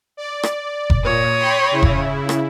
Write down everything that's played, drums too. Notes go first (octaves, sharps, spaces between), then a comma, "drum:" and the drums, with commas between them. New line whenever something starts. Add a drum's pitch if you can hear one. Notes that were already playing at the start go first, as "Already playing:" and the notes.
D5
drum: rim click
drum: kick F1
A#2 C#5 D#6 A#6
G5 B5 C6
C#3 E4
drum: kick F1
drum: rim click